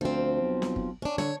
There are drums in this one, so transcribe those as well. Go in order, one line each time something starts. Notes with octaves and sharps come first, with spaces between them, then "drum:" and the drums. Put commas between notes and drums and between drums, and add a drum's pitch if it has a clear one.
D2 F3 C4
B1
drum: snare
drum: kick
C#4 D4
D3 C#5, drum: snare